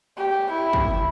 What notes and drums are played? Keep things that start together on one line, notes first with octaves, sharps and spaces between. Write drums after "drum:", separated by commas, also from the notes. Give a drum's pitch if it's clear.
G4
E4
drum: kick